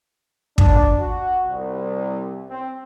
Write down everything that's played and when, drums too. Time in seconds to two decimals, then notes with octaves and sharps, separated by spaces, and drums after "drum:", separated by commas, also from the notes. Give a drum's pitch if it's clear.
0.58 D4, drum: kick
0.99 F#4
1.46 C2
2.50 C4